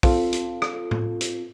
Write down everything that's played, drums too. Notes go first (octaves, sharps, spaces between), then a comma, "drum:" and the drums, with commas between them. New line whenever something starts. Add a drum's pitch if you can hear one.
C4 F4 A4, drum: kick, open hi-hat
drum: hi-hat
drum: rim click
drum: tom A2
drum: hi-hat